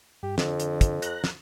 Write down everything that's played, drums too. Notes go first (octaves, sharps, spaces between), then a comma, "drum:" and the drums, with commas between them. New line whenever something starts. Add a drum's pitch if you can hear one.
G2 G4
F2 D3, drum: snare
drum: hi-hat
drum: kick, hi-hat
A#5 F#6, drum: hi-hat
drum: snare